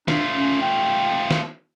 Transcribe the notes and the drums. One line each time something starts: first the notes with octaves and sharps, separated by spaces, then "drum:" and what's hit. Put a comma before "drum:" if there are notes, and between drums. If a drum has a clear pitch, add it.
A3 D4 F4, drum: snare
C#4
G5
drum: snare